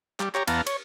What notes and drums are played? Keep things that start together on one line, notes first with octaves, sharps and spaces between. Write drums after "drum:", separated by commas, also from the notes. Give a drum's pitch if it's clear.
G3, drum: clap
G4 C#5 A#5, drum: clap
E2 B3 F5 A5 A#5, drum: cymbal
C#5, drum: cymbal